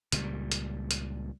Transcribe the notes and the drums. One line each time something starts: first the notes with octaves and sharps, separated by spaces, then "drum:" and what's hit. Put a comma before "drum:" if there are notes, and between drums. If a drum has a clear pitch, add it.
C#2 A#2 G3, drum: hi-hat
drum: hi-hat
drum: hi-hat